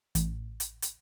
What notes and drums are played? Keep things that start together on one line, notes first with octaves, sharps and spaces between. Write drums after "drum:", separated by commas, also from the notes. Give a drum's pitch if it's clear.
A1, drum: hi-hat
drum: hi-hat
drum: hi-hat